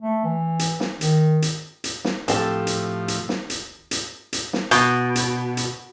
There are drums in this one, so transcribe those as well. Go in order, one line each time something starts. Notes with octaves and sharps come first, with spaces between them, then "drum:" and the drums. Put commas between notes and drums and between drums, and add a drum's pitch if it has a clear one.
A3
E3
drum: hi-hat
drum: snare
D#3, drum: hi-hat
drum: hi-hat
drum: hi-hat
drum: snare
A2 F3 C4 G4 A4, drum: hi-hat
drum: hi-hat
drum: hi-hat
drum: snare
drum: hi-hat
drum: hi-hat
drum: hi-hat
drum: snare
B2, drum: hi-hat
drum: hi-hat
drum: hi-hat